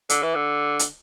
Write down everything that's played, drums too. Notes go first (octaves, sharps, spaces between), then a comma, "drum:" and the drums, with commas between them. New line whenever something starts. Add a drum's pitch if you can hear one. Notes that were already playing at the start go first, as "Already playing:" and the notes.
D3, drum: hi-hat
E3
D3
drum: hi-hat